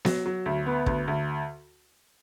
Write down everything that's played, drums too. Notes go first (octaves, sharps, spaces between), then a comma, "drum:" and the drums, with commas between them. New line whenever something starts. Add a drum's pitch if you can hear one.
F#3, drum: snare B3
F#3
D2
B3
D2, drum: kick
D2